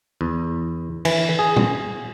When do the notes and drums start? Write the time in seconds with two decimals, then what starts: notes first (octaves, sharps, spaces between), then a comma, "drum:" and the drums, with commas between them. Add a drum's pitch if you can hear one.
0.21 E2
1.05 E3, drum: cymbal
1.39 G#4
1.57 drum: tom A#2